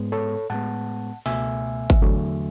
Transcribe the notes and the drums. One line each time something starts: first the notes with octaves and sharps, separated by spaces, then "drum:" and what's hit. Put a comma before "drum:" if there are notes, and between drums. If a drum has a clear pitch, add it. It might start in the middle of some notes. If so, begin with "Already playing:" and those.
Already playing: G#2 G#3 B3
A4 C#5
A2 G#3 B3 F#5 A5
C#2 B2 A3 E5 G#5, drum: open hi-hat
drum: kick G1
E2 D3 F#3 A3